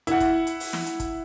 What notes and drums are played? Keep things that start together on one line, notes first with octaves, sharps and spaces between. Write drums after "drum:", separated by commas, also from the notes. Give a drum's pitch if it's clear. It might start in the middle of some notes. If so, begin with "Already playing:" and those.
E4 F#5, drum: hi-hat
drum: kick, hi-hat
drum: hi-hat
drum: open hi-hat
drum: snare
drum: hi-hat
drum: kick, hi-hat